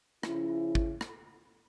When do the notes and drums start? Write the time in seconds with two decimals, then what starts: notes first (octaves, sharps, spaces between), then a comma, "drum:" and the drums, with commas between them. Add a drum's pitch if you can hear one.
0.23 C#3 F3 C#4 E4, drum: rim click
0.75 drum: kick
1.01 drum: rim click